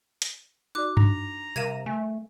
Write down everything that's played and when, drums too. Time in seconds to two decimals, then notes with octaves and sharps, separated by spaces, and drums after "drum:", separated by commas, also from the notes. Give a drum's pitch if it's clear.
0.22 drum: hi-hat
0.75 D#4 F#4 D5 D6 F#6
0.97 D4 A#5, drum: tom G2
1.56 C3 G3 A#4 F5 G#6 D#7 E7
1.86 A3 G#5